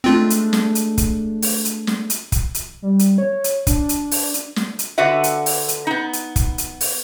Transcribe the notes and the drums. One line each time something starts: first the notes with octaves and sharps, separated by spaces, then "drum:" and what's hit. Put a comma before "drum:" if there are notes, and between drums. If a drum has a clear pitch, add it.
G#3 A3 C4 D4 F4
drum: hi-hat
drum: snare
drum: hi-hat
drum: kick, hi-hat
drum: open hi-hat
drum: hi-hat
drum: snare
drum: hi-hat
drum: kick, hi-hat
drum: hi-hat
G3
drum: hi-hat
C#5
drum: hi-hat
D4, drum: kick, hi-hat
drum: hi-hat
drum: open hi-hat
drum: hi-hat
drum: snare
drum: hi-hat
D3 F#4 B4 E5 F#5
drum: hi-hat
drum: open hi-hat
drum: hi-hat
B3 D#4
drum: hi-hat
drum: kick, hi-hat
drum: hi-hat
drum: open hi-hat